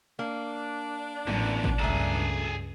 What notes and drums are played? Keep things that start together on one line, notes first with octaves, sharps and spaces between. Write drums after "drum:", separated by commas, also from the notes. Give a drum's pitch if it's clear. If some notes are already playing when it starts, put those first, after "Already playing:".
A#3 D4
A1 E2 A#2, drum: tom
drum: kick
C#2 G2 A#2 A3 G#4 A4